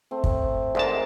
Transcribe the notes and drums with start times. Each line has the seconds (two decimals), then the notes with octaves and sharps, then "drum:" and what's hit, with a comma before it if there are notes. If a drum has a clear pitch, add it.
0.11 A3 C4
0.24 drum: kick
0.75 D2 G#2 G#4 A#4 D#5 A5